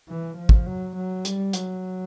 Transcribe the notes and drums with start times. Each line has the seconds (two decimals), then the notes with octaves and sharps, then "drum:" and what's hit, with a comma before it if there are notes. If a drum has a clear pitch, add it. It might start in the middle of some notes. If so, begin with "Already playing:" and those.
0.10 E3
0.38 F3
0.49 drum: kick
0.67 F#3
0.97 F#3
1.25 G3, drum: hi-hat
1.53 F#3, drum: hi-hat